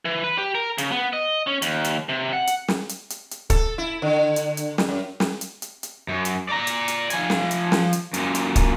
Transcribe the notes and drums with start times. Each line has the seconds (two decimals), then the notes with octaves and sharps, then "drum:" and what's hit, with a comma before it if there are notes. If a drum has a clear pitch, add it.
0.05 E3
0.24 B4
0.38 G4
0.55 A#4
0.78 C#3, drum: hi-hat
0.92 B3
1.13 D#5
1.47 C#4
1.62 D#2, drum: hi-hat
1.85 drum: hi-hat
2.09 C3
2.33 F#5
2.47 drum: hi-hat
2.68 drum: snare
2.89 drum: hi-hat
3.10 drum: hi-hat
3.31 drum: hi-hat
3.50 A4, drum: kick, hi-hat
3.78 E4
4.02 D3
4.36 drum: hi-hat
4.57 drum: hi-hat
4.78 drum: snare
4.88 F#2
5.20 drum: snare
5.41 drum: hi-hat
5.62 drum: hi-hat
5.83 drum: hi-hat
6.08 F#2
6.25 drum: hi-hat
6.49 D5 A#5
6.67 drum: hi-hat
6.88 drum: hi-hat
7.10 F3 G#5, drum: hi-hat
7.30 drum: snare
7.51 drum: hi-hat
7.72 drum: snare
7.93 drum: hi-hat
8.14 F#2 A#2, drum: hi-hat
8.35 drum: hi-hat
8.56 drum: kick, hi-hat